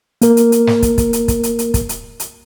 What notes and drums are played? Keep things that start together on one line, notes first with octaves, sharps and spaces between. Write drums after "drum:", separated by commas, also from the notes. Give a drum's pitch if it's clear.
A#3 A#4, drum: hi-hat
drum: hi-hat
drum: hi-hat
drum: snare
drum: kick, hi-hat
drum: kick, hi-hat
drum: hi-hat
drum: kick, hi-hat
drum: hi-hat
drum: hi-hat
drum: kick, hi-hat
drum: hi-hat
drum: hi-hat